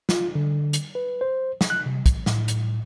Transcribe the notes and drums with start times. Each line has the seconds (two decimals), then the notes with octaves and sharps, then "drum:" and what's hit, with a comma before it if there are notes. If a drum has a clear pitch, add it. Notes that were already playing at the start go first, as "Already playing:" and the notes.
0.09 F4, drum: snare
0.35 D3
0.73 drum: hi-hat
0.95 B4
1.21 C5
1.61 drum: snare
1.70 F#6
1.86 C3
2.06 A1, drum: kick, hi-hat
2.26 A2, drum: snare
2.48 drum: hi-hat